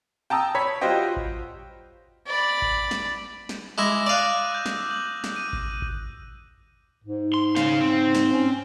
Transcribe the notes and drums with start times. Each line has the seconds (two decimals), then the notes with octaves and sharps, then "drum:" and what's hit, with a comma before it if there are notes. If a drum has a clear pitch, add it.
0.30 G5 A5 A#5 D#6 E6
0.55 C#5 B5 B6
0.81 G3 F4 F#4 C5 D#5 G5
1.17 drum: kick G#1
2.27 D5 B5
2.62 drum: kick G#1
2.91 drum: snare
3.49 drum: snare
3.78 G#3 E4 D6 D#6 A#6
4.07 D5 F5 F#6 D#7 F#7
4.50 E6 G6
4.66 drum: snare
4.91 F#7
5.24 drum: snare
5.36 D#7
5.53 drum: kick G#1
5.82 drum: kick G#1
7.04 G#2
7.34 C6
7.56 C#3 F5, drum: snare
7.81 C4
8.15 drum: snare
8.32 C#4